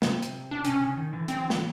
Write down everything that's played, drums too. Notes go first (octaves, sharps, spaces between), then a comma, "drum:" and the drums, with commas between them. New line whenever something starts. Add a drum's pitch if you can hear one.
C3, drum: snare
drum: hi-hat
D4
C3 C#4, drum: hi-hat
C#3
D#3
D3 E3
E3 F#3 C4, drum: hi-hat
drum: snare